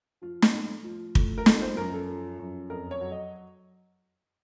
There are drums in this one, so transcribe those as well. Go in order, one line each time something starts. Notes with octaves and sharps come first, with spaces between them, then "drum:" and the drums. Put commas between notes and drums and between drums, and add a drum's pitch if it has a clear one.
F3 F4
drum: snare
A2
F3
A2, drum: kick
A#4
F3 A4, drum: snare
C5
F#2 A#4
A4
F3
F#2
F2 A#4
C#5
F#3
D#5